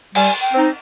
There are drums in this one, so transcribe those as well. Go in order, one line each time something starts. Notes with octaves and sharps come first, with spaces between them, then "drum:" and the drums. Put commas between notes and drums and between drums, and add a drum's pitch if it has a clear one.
G3 G#5, drum: cymbal
G5
C4 D#4